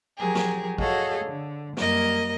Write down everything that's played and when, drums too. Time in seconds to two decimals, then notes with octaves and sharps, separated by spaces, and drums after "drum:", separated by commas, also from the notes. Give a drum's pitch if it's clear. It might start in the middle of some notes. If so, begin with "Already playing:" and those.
0.19 F3 F#3 G4 G#4 A#4
0.35 drum: snare
0.78 F#4 G#4 A4 C#5 D#5 F5, drum: kick
1.23 D3
1.77 F#2 G3 A#3 A#4 D#5, drum: snare